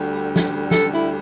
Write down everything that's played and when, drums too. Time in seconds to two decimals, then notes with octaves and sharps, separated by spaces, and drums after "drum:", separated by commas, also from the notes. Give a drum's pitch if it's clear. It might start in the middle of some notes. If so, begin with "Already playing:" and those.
Already playing: D2 D3 G3
0.36 drum: snare
0.71 A4, drum: snare
0.94 E4